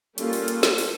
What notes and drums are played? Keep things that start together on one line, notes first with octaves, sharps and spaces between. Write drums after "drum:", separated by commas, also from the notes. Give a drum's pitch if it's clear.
G3 A#3 C#4 F4 A4, drum: hi-hat
drum: open hi-hat
drum: hi-hat
drum: snare
drum: open hi-hat